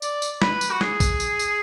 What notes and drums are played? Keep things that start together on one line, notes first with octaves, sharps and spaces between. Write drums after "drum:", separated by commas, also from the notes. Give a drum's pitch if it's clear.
D5, drum: tambourine
drum: tambourine
B4, drum: snare
drum: tambourine
F#4
G#4, drum: snare
drum: kick A#1, tambourine
drum: tambourine
drum: tambourine